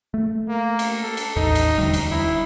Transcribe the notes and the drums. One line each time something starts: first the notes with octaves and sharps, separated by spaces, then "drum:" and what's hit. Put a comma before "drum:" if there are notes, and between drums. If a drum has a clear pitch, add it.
A3
A#3
drum: cymbal
A4
drum: cymbal
A1 D#2 D#4
drum: cymbal
E1 D2 G3
drum: cymbal
E4